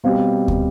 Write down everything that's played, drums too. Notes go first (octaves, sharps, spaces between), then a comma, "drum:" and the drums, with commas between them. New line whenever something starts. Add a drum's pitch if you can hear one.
B2 G3 C4 F5
drum: kick